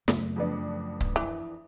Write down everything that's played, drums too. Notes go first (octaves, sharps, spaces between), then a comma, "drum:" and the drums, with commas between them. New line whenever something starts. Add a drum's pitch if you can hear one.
F#2 C#3 A3, drum: snare
F2 B3 D4
drum: kick C#1
E3